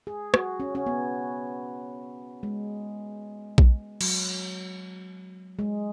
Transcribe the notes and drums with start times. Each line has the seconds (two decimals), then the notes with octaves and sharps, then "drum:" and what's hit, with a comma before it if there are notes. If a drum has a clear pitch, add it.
0.07 G#4
0.34 F#4, drum: rim click
0.60 C#4
0.75 C#4
0.86 B3
2.43 G#3
3.58 drum: kick A#1
4.01 F#3, drum: cymbal
5.59 G#3